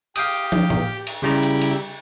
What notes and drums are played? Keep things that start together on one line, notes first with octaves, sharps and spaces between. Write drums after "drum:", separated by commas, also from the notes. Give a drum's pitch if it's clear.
G4 F5 G5 D#6, drum: cymbal
drum: tom
drum: tom A2
drum: cymbal
C#3 G3 E4 G4 A#5
drum: cymbal
drum: cymbal